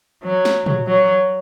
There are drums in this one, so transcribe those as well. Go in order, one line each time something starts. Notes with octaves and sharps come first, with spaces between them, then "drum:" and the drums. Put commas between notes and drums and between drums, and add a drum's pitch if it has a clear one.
F#3
drum: snare
drum: tom
F#3